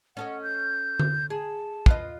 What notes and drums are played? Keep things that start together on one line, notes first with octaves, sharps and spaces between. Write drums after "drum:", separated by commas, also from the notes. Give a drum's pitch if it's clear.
C#4 A4 D#5 F#5
G6
drum: tom D3
G#4 A5
F4 B4 D#5, drum: kick